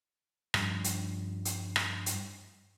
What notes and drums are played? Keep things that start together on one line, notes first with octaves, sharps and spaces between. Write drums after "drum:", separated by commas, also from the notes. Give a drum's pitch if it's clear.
G2 F3, drum: rim click
drum: hi-hat
drum: hi-hat
drum: rim click
drum: hi-hat